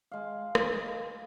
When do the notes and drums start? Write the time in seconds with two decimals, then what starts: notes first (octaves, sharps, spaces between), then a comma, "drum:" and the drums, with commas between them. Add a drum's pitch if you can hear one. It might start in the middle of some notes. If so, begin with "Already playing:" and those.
0.11 G#3 F5
0.55 drum: rim click